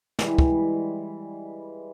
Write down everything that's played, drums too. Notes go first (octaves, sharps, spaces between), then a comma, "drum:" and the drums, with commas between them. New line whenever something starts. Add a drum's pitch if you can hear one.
E3 G3 G#3, drum: snare
drum: kick